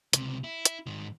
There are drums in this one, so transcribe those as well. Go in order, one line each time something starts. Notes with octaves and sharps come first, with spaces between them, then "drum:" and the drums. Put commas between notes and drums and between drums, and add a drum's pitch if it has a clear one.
C#2 C3, drum: hi-hat
E4
drum: hi-hat
G#2 D#3